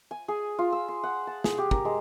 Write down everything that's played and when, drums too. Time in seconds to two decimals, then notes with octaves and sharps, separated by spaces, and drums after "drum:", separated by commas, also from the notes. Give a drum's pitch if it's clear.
0.11 G#5
0.28 G#4
0.59 F4
0.72 E6
0.88 C6
1.03 F#5
1.27 A5
1.44 G#4, drum: snare
1.58 G4
1.71 A#4, drum: kick
1.85 G#3